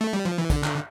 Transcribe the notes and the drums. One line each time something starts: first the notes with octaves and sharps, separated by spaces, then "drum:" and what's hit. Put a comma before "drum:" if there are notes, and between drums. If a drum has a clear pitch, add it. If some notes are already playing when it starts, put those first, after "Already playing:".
A3
G3
F3
E3
D3, drum: kick, tambourine
drum: clap